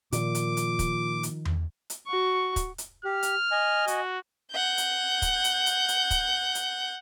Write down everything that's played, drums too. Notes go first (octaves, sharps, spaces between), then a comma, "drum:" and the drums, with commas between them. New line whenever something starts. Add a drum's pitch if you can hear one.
A#2 D#3 F3 D6, drum: hi-hat
drum: hi-hat
drum: hi-hat
drum: kick, hi-hat
drum: hi-hat
drum: tom E2
drum: hi-hat
F#4 C#6
drum: kick, hi-hat
drum: hi-hat
G4 F6
drum: hi-hat
D#5 G#5
F#4, drum: hi-hat
F#5 G6
drum: hi-hat
drum: kick, hi-hat
drum: hi-hat
drum: hi-hat
drum: hi-hat
drum: kick, hi-hat
drum: hi-hat